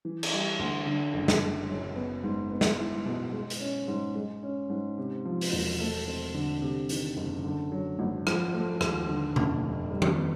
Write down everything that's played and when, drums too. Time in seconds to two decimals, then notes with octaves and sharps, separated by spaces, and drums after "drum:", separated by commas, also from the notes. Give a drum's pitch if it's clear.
0.05 E3
0.23 drum: cymbal
0.32 G3
0.59 D2
0.87 D3
1.14 F#1
1.28 drum: snare
1.42 F#1
1.69 F#3
1.96 B3
2.24 G#2
2.51 B3
2.61 drum: snare
2.78 E4
3.06 B2
3.33 G#3
3.50 drum: hi-hat
3.60 C#4
3.88 G#2
4.16 G#3
4.43 C#4
4.70 G#2
4.98 C3
5.25 F3
5.41 drum: open hi-hat
5.52 E1
5.80 A3
6.07 C4
6.34 D3
6.62 C3
6.89 D#3, drum: hi-hat
7.17 F#1
7.44 D3
7.72 F#3
7.99 G#1
8.27 F3, drum: rim click
8.54 A3
8.81 D#2, drum: rim click
9.09 D3
9.36 F1, drum: tom B2
9.63 F1
9.91 G3
10.02 drum: tom D#3
10.18 B3